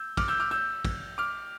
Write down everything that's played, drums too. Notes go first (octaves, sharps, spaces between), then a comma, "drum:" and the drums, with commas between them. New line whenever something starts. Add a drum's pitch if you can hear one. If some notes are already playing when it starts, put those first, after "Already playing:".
Already playing: E6 G6
D6 F6, drum: kick, cymbal
E6 G6
D6 F6
E6 G6
drum: kick, cymbal
D6 F6